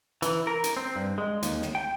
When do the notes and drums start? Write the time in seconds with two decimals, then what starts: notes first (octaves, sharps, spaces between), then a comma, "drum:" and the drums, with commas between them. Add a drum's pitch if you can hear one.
0.22 E3, drum: hi-hat
0.47 A#4
0.64 drum: hi-hat
0.77 C4
0.96 G2
1.18 G#3
1.43 D#2, drum: hi-hat
1.62 drum: snare
1.75 G5